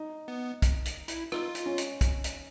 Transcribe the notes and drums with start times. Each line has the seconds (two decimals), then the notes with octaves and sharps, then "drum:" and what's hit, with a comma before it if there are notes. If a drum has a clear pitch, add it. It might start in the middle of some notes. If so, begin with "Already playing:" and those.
Already playing: D#4
0.28 B3
0.62 drum: kick, hi-hat
0.86 drum: hi-hat
1.08 E4, drum: hi-hat
1.32 D#4 F4, drum: rim click
1.55 drum: hi-hat
1.66 C#4
1.78 drum: hi-hat
2.01 drum: kick, hi-hat
2.24 drum: hi-hat